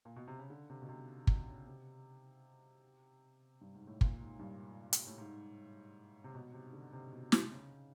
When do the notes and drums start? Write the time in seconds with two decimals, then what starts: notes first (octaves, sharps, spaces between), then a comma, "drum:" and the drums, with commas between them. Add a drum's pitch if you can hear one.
0.05 A#2
0.16 B2
0.28 C3
0.39 C#3
0.50 D3
0.70 C3
0.82 B2
0.89 C3
1.27 B2, drum: kick
1.47 C#3
1.67 C3
3.61 G2
3.74 G#2
3.87 A2
4.01 A#2, drum: kick
4.20 G#2
4.39 G2
4.93 drum: hi-hat
5.07 A2
5.18 G#2
6.24 C3
6.35 B2
6.54 C3
6.73 D3
6.93 C3
7.13 B2
7.32 C3, drum: snare
7.51 C#3